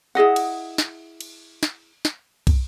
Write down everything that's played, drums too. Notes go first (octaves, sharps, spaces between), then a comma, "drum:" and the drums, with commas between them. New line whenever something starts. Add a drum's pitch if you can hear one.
E4 G#4 D#5 F#5
drum: cymbal
drum: snare
drum: cymbal
drum: snare
drum: snare
drum: kick, cymbal